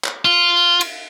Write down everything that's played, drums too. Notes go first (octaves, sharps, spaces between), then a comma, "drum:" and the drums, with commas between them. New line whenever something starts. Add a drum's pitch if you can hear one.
drum: clap
F4
drum: cymbal